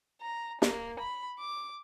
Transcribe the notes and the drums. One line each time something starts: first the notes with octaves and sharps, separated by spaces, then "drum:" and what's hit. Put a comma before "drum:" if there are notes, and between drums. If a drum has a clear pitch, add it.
A#5
A#3, drum: snare
B5
D6